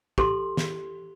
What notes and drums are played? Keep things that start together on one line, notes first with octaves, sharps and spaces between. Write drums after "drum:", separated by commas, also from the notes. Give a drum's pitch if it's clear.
G4 A4 C6, drum: kick
drum: snare